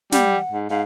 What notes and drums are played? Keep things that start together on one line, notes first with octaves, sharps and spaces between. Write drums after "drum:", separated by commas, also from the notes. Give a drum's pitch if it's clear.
G3 F#5, drum: snare
G#2
G#2 F5